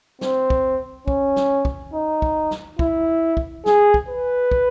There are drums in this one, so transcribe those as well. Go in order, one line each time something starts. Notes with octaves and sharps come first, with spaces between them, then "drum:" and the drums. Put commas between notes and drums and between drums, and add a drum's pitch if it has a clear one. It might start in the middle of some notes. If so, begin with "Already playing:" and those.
C4, drum: snare
drum: kick
C#4, drum: kick
drum: snare
drum: kick
D#4
drum: kick
drum: snare
E4, drum: kick
drum: kick
G#4, drum: snare
drum: kick
B4
drum: kick